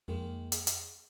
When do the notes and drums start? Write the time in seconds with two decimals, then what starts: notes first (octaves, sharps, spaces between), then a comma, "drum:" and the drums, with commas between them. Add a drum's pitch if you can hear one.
0.08 F2 D#3 G#3 A#3
0.52 G#4, drum: hi-hat
0.67 drum: hi-hat